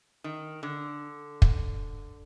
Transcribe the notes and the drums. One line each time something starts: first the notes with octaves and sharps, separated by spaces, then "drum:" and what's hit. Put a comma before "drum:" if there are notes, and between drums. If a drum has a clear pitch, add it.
D#3
D3
drum: kick